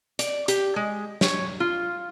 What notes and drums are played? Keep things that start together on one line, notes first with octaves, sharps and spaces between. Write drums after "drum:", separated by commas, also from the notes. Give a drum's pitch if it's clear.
D5, drum: hi-hat
G4, drum: hi-hat
G#3
C#5, drum: snare
F4